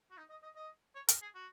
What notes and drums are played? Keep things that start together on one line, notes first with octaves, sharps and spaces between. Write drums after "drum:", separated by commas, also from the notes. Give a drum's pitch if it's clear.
F#4
D#4
D#5
D#5
D#5
C#5
A#4, drum: hi-hat
G#4
F#4